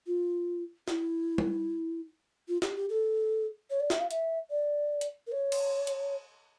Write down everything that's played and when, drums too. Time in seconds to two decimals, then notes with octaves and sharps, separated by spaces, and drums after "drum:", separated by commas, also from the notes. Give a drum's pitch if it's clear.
0.07 F4
0.88 E4, drum: snare
1.38 drum: tom G3
2.48 F4
2.62 G4, drum: snare
2.76 G4
2.90 A4
3.70 C#5
3.80 D5
3.90 E5, drum: snare
4.00 F5
4.11 E5, drum: hi-hat
4.50 D5
5.01 drum: hi-hat
5.27 A#4
5.32 C#5
5.52 drum: cymbal
5.87 drum: hi-hat